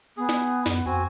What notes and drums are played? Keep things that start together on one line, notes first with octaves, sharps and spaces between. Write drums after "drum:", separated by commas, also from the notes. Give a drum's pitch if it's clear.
B3 G#4
drum: snare
F#2, drum: snare
F2 C4 F#4 G#5